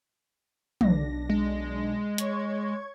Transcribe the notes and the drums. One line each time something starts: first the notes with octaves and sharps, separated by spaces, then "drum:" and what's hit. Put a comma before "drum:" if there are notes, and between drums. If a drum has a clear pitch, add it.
B1 D4 A#6, drum: tom
G#3
C#5 C#6 G#6, drum: hi-hat